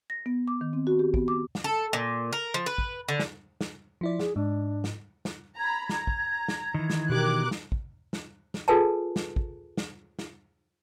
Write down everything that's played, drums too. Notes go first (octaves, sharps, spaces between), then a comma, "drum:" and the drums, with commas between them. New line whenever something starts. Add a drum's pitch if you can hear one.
A#6
B3
D6
D#3
C4
F#4
G4
B3, drum: kick
D6
drum: snare
A4
A#2
A#4
F3
B4
drum: kick
D3
drum: snare
drum: snare
F3 E4 D5
G#4, drum: snare
G#2 D4
drum: snare
drum: snare
A#5 B5 G#6
A#5, drum: snare
drum: kick
drum: snare
D#3 E3
drum: snare
B2 G4 A#4 D6 F#6
drum: snare
drum: kick
drum: snare
drum: snare
F4 G#4 A4 B4 G#5 A5
drum: snare
drum: kick
drum: snare
drum: snare